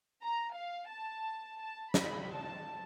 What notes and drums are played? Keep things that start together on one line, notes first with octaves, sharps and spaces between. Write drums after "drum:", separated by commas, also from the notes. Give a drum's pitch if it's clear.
A#5
F5
A5
A5
B5, drum: snare
A5